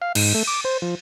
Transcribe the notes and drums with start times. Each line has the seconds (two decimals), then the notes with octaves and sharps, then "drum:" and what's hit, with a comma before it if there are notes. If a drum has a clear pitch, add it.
0.02 F5
0.15 G#2, drum: cymbal
0.35 A3
0.47 D6
0.65 C5
0.82 F3